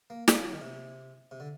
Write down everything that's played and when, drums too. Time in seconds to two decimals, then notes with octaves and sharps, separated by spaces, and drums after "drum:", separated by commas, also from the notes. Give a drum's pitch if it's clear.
0.10 A#3
0.28 C4, drum: snare
0.35 A#3
0.45 F#3
0.53 D#3
0.61 C3
1.31 C3
1.40 D3